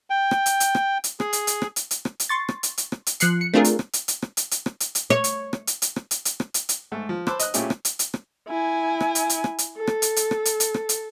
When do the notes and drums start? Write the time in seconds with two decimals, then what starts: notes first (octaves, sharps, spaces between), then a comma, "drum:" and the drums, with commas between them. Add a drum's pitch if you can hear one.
0.10 G5
0.31 drum: rim click
0.46 drum: hi-hat
0.60 drum: hi-hat
0.75 drum: rim click
1.04 drum: hi-hat
1.20 G#4, drum: rim click
1.33 drum: hi-hat
1.47 drum: hi-hat
1.62 drum: rim click
1.76 drum: hi-hat
1.91 drum: hi-hat
2.05 drum: rim click
2.20 drum: hi-hat
2.29 C6 C#6 A6
2.49 drum: rim click
2.63 drum: hi-hat
2.78 drum: hi-hat
2.92 drum: rim click
3.07 drum: hi-hat
3.20 F3 F#6 C7 C#7, drum: hi-hat
3.41 C#7
3.54 A3 C4 D4 F4 G#4 A#4
3.64 drum: hi-hat
3.79 drum: rim click
3.93 drum: hi-hat
4.08 drum: hi-hat
4.22 drum: rim click
4.37 drum: hi-hat
4.51 drum: hi-hat
4.66 drum: rim click
4.80 drum: hi-hat
4.95 drum: hi-hat
5.10 C#5, drum: rim click
5.24 drum: hi-hat
5.53 drum: rim click
5.67 drum: hi-hat
5.82 drum: hi-hat
5.96 drum: rim click
6.11 drum: hi-hat
6.25 drum: hi-hat
6.40 drum: rim click
6.54 drum: hi-hat
6.69 drum: hi-hat
6.92 G#2 A3
7.09 F3
7.27 C5 A5 B5 D6 E6 F#6, drum: rim click
7.39 D#5 F#6, drum: hi-hat
7.54 A#2 A3 C#4 E4 G4 G#4, drum: hi-hat
7.70 drum: rim click
7.85 drum: hi-hat
7.99 drum: hi-hat
8.14 drum: rim click
8.48 E4 G#5
9.01 drum: rim click
9.15 drum: hi-hat
9.30 drum: hi-hat
9.44 drum: rim click
9.58 drum: hi-hat
9.77 A4
9.87 drum: rim click
10.02 drum: hi-hat
10.16 drum: hi-hat
10.31 drum: rim click
10.45 drum: hi-hat
10.60 drum: hi-hat
10.74 drum: rim click
10.89 drum: hi-hat